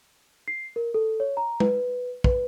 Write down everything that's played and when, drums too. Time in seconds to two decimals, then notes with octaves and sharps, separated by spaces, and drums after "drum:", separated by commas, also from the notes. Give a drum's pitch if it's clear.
0.48 C7
0.76 A#4
0.94 A4
1.20 C#5
1.37 A#5
1.60 B4, drum: tom
2.24 B4, drum: kick